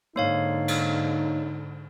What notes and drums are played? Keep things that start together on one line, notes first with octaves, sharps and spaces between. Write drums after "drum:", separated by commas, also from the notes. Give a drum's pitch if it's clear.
G#2 D3 A#3 D#4 C#5 F5
drum: cymbal